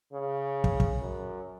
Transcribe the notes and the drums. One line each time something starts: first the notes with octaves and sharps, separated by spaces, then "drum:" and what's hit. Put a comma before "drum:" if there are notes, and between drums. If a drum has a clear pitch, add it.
C#3
drum: kick
drum: kick
F#2